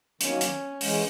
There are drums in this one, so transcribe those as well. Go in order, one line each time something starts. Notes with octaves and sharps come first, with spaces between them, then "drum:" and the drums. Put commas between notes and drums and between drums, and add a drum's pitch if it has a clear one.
D#3 F#3 A#3 C#4, drum: hi-hat
drum: hi-hat
E3 G#3 C#4, drum: open hi-hat